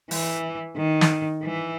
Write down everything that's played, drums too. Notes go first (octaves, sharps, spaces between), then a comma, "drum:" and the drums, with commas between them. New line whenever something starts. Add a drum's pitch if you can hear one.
E3, drum: open hi-hat
D#3
drum: snare
E3